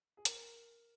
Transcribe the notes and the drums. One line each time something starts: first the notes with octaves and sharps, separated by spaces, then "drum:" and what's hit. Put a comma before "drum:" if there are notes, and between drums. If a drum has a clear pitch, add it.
G#4
A#4, drum: hi-hat